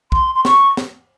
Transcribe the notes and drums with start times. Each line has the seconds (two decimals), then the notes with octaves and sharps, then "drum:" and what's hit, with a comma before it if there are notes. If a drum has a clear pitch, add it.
0.12 C6, drum: kick
0.35 C6
0.45 C#6, drum: snare
0.77 drum: snare